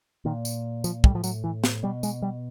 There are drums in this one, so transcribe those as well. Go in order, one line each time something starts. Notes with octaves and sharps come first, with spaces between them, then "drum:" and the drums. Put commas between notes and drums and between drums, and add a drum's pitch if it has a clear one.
A#2 D#3
drum: tambourine
F3, drum: tambourine
A2 G3, drum: kick
F3
F#3, drum: tambourine
E3
drum: snare
B2 G3
G#3, drum: tambourine
G3